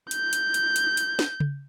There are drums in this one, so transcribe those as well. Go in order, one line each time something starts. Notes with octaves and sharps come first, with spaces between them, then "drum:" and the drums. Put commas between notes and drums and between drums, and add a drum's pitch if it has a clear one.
G6, drum: hi-hat
drum: hi-hat
drum: hi-hat
drum: hi-hat
drum: hi-hat
drum: snare
drum: tom C#3